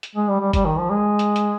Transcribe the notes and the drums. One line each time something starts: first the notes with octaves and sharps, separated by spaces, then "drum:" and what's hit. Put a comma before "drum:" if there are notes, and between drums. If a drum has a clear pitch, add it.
drum: hi-hat
G#3
G3
G3
G3, drum: kick G1, hi-hat
D#3
F3
G#3
drum: hi-hat
drum: hi-hat